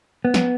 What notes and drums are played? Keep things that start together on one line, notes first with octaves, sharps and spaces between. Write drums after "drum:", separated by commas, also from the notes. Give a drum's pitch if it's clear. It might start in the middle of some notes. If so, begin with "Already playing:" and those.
B3
drum: snare